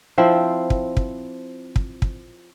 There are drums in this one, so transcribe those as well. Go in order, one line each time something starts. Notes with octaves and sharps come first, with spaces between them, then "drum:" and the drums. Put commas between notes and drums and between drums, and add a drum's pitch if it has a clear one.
F3 C4 E4
drum: kick
drum: kick
drum: kick
drum: kick